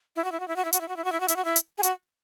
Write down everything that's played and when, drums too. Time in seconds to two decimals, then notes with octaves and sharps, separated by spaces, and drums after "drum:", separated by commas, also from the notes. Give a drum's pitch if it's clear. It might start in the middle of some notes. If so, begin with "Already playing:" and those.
0.16 E4
0.24 F#4
0.32 E4
0.40 F#4
0.48 E4
0.56 F#4
0.65 E4
0.73 F#4, drum: hi-hat
0.81 E4
0.88 F#4
0.96 E4
1.04 F#4
1.12 E4
1.20 F#4
1.28 E4, drum: hi-hat
1.36 F#4
1.45 E4
1.56 drum: hi-hat
1.78 G#4
1.83 F#4, drum: hi-hat